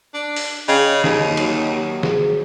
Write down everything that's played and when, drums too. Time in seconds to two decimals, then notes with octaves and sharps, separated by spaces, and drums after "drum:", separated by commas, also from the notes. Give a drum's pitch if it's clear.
0.14 D4
0.36 drum: open hi-hat
0.68 C#3 D#5 F5 G5
1.04 D#2 D#4, drum: snare
1.37 F#3, drum: cymbal
2.03 G#4, drum: snare